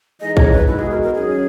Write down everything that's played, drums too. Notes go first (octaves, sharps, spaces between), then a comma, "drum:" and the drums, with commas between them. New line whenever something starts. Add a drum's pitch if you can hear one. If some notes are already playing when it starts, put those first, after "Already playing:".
E3 G#3 D#4 G#4 D#5
C#5, drum: kick
B4
B2 G#3 D#4 E4 F#4
G#4
A#4
A#4
D#3 F#3 C#4 G#4